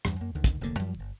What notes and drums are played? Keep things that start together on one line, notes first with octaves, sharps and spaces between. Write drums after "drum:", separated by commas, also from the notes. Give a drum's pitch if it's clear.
E2 G2, drum: rim click
F#2 A#3
D2 D3 D#3
drum: kick, hi-hat
F1 D2 D3 A#3
F#2 F3 G3
G1